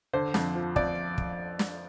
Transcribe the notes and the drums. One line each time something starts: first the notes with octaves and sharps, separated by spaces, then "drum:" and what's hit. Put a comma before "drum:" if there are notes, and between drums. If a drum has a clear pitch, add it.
D3 C5
F2, drum: snare
F3
F2 D5, drum: kick
drum: kick
drum: snare